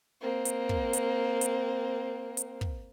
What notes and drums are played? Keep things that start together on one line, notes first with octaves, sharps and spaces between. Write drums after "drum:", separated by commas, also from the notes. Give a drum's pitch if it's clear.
A#3 C4
drum: hi-hat
drum: kick
drum: hi-hat
drum: hi-hat
drum: hi-hat
drum: kick